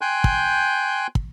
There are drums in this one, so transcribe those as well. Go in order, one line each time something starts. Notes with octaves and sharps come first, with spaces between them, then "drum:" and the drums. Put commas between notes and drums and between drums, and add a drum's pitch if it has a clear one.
G5 G#5 C6 F#6 G6
drum: kick
drum: kick